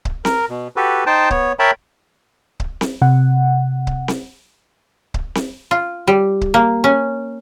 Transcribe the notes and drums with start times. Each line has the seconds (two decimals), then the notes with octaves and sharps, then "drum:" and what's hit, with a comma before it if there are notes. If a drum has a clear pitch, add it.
0.05 drum: kick C#1
0.25 A#4, drum: snare C4
0.49 B2
0.76 F#4 G4 A4 B4
1.07 D#4 C5 G5 A5
1.31 B3 C#5, drum: kick C#1
1.59 A#4 C#5 E5 G5 A5 B5
2.60 drum: kick C#1
2.81 drum: snare C4
3.02 C3 F#5
3.87 drum: kick C#1
4.08 drum: snare C4
5.14 drum: kick C#1
5.35 drum: snare C4
5.71 F4
6.07 G3
6.41 drum: kick C#1
6.54 A#3
6.84 C#4